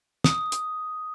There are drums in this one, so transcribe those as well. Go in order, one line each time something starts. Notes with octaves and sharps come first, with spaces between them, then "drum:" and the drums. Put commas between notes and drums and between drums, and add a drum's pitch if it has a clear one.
D#6, drum: snare
drum: hi-hat